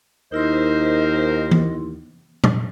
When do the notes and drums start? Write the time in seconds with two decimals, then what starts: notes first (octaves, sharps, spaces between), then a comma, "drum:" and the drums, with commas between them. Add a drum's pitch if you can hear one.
0.32 D#2 D#4 E4 A#4 C5 D#5 C6
1.51 drum: tom E3
2.44 drum: tom A#2